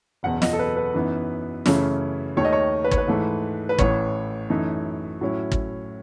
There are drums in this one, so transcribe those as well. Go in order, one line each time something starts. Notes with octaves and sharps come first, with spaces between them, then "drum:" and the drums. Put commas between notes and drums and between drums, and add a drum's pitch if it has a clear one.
F#1 E2 B2 F#5
D#5, drum: snare
A4
B4
B4
F#2 E3 B3 D#4
F#2 C#3 E3 A3 C#4, drum: snare
D#2 D#3 A3 C#5
D#5
C#5
B4
C#5, drum: kick
B4
G#2 E3 A3
B4
A1 A2 E3 C#5, drum: kick
F#2 E3 A3 D#4
A2 F#3 C#4 E4
drum: kick